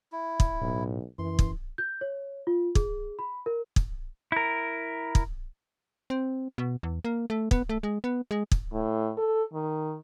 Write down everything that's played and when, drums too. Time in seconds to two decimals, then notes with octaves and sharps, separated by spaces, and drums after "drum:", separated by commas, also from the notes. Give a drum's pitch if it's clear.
0.12 E4
0.40 drum: kick
0.61 B1 A2
1.19 F#2 E3 C6
1.39 drum: kick
1.78 G6
2.01 C#5
2.47 F4
2.75 G#4, drum: kick
3.19 B5
3.46 A#4
3.76 drum: kick
4.32 E4 A#4
5.15 drum: kick
6.10 C4
6.58 B2
6.83 E2
7.04 A#3
7.30 A3
7.51 B3, drum: kick
7.69 A3
7.83 G#3
8.04 B3
8.31 G#3
8.52 drum: kick
8.72 A2
9.17 A4
9.53 D#3